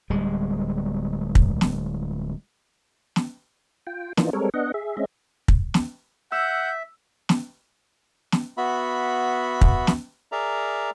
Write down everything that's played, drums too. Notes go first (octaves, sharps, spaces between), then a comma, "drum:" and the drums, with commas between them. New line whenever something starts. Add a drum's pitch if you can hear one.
D1 G3 G#3
drum: kick
drum: snare
drum: snare
F4 G5
E3 A#3 B3 D4 D#4 F4, drum: snare
G3 G#3 C4 A4 A#4 C#5
B3 D4 D#5 F#5
G#4 E5
G#3 C4 C#4 D#5 E5
drum: kick
drum: snare
E5 F#5 E6 G6
drum: snare
drum: snare
B3 F#4 E5 B5
drum: kick
drum: snare
G#4 A#4 D5 E5 A#5